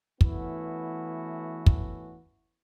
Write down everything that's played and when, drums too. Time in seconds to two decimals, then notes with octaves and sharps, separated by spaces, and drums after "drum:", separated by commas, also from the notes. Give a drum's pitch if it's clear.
0.21 E3 A3 B3 C#4 E4 F#4, drum: kick
1.66 drum: kick